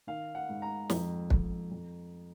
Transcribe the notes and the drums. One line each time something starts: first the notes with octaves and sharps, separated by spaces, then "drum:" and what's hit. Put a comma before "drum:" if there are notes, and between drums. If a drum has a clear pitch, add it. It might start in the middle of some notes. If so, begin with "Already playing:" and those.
D#3 F5
F#5
G#2
A#5
F2, drum: snare
F2, drum: kick
F2